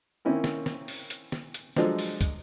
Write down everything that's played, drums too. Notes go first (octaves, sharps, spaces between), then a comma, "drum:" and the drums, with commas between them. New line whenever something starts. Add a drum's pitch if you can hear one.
D#3 A#3 C4 C#4 E4 A#4
drum: snare
drum: snare
drum: open hi-hat
drum: hi-hat
drum: snare
drum: hi-hat
F3 F#3 G#3 D4 A4 C5, drum: snare
drum: open hi-hat
drum: kick, hi-hat